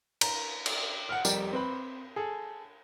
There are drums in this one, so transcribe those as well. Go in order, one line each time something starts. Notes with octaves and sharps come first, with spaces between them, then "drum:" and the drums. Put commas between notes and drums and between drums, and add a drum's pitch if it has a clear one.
A#5, drum: cymbal
drum: cymbal
F#5 F6
F1 F2 G3 G4 A#4 D5, drum: tambourine
C4 B4 B5
G#4 A4